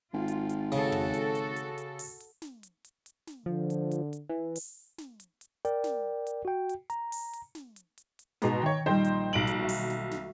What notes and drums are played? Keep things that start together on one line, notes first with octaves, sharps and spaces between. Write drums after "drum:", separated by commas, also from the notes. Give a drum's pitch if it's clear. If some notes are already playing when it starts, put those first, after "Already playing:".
G#1 F4
drum: hi-hat
drum: hi-hat
C#3 F#4 A4, drum: snare
drum: tom
drum: hi-hat
drum: hi-hat
drum: hi-hat
drum: hi-hat
drum: open hi-hat
drum: hi-hat
drum: snare
drum: hi-hat
drum: hi-hat
drum: hi-hat
drum: snare
D3 F3
drum: hi-hat
drum: hi-hat
drum: hi-hat
E3
drum: open hi-hat
drum: snare
drum: hi-hat
drum: hi-hat
A#4 D5 G5, drum: hi-hat
drum: snare
drum: hi-hat
F#4 G5
drum: hi-hat
A#5, drum: hi-hat
drum: open hi-hat
drum: hi-hat
drum: snare
drum: hi-hat
drum: hi-hat
drum: hi-hat
G#2 B2 A#5 D6 D#6, drum: snare
D#3 C#5 G5
A#1 G3 D#4 C5 G5
drum: hi-hat
B1 D7 F#7
drum: hi-hat
F#4 A4 E5
drum: open hi-hat
drum: hi-hat
drum: snare